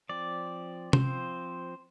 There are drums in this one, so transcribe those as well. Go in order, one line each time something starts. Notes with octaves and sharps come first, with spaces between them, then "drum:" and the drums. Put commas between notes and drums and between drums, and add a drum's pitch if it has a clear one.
F3 C4 D5
F3 C4 C5, drum: tom C3